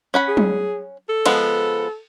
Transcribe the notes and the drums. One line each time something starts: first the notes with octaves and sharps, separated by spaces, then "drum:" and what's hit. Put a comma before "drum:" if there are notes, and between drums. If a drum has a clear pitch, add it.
C#4 F#5 B5
G#4
drum: tom F#3
A4
F3 G#3 B3, drum: cymbal